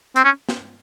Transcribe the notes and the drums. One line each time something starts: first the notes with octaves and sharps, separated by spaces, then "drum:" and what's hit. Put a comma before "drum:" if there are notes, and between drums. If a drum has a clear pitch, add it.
C4, drum: hi-hat
C#4
drum: snare